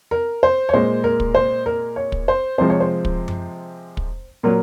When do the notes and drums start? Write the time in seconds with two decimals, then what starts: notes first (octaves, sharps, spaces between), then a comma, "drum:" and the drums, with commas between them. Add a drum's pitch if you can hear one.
0.11 A#4
0.43 C5
0.69 C#5
0.74 A#2 G#3 C5
1.04 A#4
1.20 drum: kick
1.35 C5
1.66 A#4
1.96 C#5
2.12 drum: kick
2.28 C5
2.58 C3 F3 G#3 C5
2.70 C#5
2.80 C5
3.05 drum: kick
3.28 drum: tom F#2
3.97 drum: kick
4.43 A#2 F#3 A#4